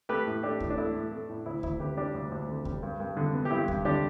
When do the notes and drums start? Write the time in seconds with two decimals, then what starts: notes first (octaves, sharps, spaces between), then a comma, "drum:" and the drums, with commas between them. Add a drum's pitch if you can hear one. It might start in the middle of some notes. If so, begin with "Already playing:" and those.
0.09 A3 G4 B4
0.26 A2
0.43 A3 D4 G4
0.60 A2, drum: kick D2
0.70 D4
0.78 A3 E4
0.94 A2
1.12 A3
1.29 A2
1.46 D2 E4
1.63 D2 E4, drum: kick D2
1.80 D3 G4 B4
1.97 G3 D4 G4
2.14 D2
2.31 D2
2.48 D3
2.65 G3, drum: kick D2
2.83 G2
3.00 G2
3.17 D3
3.34 B3
3.45 G4
3.51 G2 E4
3.68 G2, drum: kick D2
3.85 D3 D4 G4